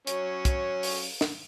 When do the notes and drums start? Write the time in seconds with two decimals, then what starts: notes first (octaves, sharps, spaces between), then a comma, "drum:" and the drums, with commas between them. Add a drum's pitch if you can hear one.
0.07 F#3 C#4, drum: hi-hat
0.45 drum: kick, hi-hat
0.83 drum: open hi-hat
1.21 drum: snare